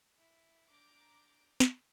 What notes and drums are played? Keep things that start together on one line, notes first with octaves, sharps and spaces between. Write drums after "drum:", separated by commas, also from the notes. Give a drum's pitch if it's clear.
E4
D4 A#5 D6 G6 D7
drum: snare